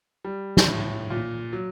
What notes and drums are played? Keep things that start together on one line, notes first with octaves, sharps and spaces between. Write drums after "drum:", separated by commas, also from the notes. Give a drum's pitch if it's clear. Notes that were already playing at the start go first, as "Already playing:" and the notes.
G3
drum: snare
A2
A#2
F#3